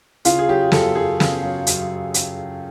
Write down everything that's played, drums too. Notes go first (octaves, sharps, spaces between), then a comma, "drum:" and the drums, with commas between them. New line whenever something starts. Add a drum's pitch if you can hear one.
C#3 F4, drum: hi-hat
G#4
F#3 G4
F#2 A4, drum: snare
F#2 G#4
C#3, drum: snare
F#3
F#2, drum: hi-hat
drum: hi-hat